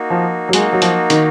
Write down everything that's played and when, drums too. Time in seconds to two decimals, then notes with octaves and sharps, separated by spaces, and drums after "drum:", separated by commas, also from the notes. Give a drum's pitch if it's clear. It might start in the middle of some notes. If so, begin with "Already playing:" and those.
Already playing: A#3 D#4 F#4
0.10 F3
0.49 F#3
0.53 G#3 A#3 D#4 F#4, drum: hi-hat
0.73 F#3
0.82 F3, drum: hi-hat
1.10 D#3, drum: hi-hat